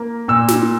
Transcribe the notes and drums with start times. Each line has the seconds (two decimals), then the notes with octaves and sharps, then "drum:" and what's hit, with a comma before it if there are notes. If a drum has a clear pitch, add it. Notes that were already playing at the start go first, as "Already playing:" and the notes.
Already playing: A#3
0.28 A#2 E6
0.49 drum: snare